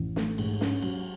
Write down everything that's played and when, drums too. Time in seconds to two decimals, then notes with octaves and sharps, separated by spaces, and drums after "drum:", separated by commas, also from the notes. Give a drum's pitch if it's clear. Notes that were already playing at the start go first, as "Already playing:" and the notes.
Already playing: A1
0.16 A3, drum: snare
0.38 G#2, drum: cymbal
0.61 C#4, drum: snare
0.82 F#3, drum: cymbal